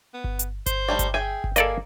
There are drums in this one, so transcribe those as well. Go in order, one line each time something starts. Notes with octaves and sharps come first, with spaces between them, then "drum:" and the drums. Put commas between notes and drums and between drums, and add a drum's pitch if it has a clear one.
B3
drum: kick G1
drum: hi-hat
C5, drum: kick G1, hi-hat
G3 A3 D#4
drum: kick G1, hi-hat
G#4 E5 G5 G#5
drum: kick G1
A#3 G#4 A4 D5 D#5, drum: hi-hat